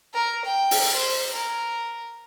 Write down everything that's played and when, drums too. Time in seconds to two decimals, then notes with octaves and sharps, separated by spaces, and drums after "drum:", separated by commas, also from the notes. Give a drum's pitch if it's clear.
0.14 A#4
0.44 G5
0.71 drum: open hi-hat
0.93 C5
1.33 A#4